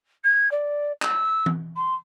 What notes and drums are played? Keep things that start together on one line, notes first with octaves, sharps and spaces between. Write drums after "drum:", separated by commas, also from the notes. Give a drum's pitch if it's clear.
G#6
D5
E6, drum: clap
drum: tom E3
C6